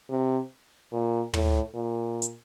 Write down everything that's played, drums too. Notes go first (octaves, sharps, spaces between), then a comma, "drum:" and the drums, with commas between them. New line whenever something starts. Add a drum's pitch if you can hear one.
C3
A#2
A2, drum: tom
A#2
drum: hi-hat